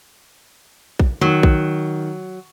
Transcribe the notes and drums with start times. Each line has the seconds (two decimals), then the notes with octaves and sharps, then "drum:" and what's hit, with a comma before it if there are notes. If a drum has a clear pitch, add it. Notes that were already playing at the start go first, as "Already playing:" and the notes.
0.99 drum: kick A#1
1.21 D#3 F#3
1.43 drum: kick A#1